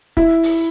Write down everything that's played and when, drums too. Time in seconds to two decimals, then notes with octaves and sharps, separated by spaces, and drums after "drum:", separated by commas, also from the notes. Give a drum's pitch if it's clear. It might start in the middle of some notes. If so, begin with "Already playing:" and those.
0.17 E4, drum: kick
0.43 drum: open hi-hat